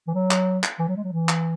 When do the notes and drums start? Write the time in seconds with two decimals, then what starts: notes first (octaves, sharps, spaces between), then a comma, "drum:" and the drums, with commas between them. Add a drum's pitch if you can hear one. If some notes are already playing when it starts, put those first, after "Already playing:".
0.08 E3
0.14 F#3
0.31 drum: clap
0.63 drum: clap
0.79 E3
0.88 F#3
0.97 G#3
1.04 F#3
1.12 E3
1.29 drum: clap